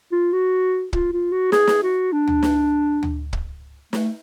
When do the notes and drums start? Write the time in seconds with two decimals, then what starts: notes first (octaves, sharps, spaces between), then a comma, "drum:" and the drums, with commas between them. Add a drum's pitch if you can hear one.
0.12 F4
0.33 F#4
0.93 F4, drum: kick
1.13 F4
1.32 F#4
1.52 G#4, drum: snare
1.67 drum: snare
1.83 F#4
2.12 D4
2.28 drum: tom D2
2.43 drum: snare
3.03 drum: tom D2
3.33 drum: kick
3.93 A3, drum: snare